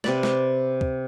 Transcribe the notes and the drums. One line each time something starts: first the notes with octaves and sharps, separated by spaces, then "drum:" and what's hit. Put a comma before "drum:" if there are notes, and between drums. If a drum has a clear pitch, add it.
C3 B4 D5, drum: snare
drum: snare
drum: kick